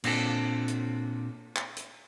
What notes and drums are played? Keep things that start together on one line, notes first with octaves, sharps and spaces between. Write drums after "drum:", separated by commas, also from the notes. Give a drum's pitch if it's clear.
A#2 C4 D4 A4, drum: cymbal
drum: hi-hat
drum: clap
drum: hi-hat